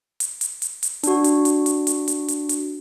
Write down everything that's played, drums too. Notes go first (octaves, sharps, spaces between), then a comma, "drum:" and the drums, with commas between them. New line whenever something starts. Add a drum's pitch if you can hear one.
drum: hi-hat
drum: hi-hat
drum: hi-hat
drum: hi-hat
D4 F#4, drum: hi-hat
drum: hi-hat
drum: hi-hat
drum: hi-hat
drum: hi-hat
drum: hi-hat
drum: hi-hat
drum: hi-hat